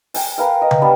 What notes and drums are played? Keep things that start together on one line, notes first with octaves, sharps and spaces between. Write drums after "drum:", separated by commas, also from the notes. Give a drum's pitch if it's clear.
G5 G#5, drum: open hi-hat
A#4 B4 F5
D#5
drum: tom C#3
G3 B3 D4